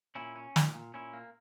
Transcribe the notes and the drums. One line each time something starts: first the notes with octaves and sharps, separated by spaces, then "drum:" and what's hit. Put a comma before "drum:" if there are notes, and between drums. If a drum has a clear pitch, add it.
A#2 C#4 E4
C#4
A#2, drum: snare
A#2
A#2 C#4 E4
A#3